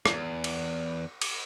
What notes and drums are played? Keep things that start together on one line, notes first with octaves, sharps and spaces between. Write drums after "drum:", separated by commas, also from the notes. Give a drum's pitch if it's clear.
E2, drum: rim click
drum: cymbal
drum: cymbal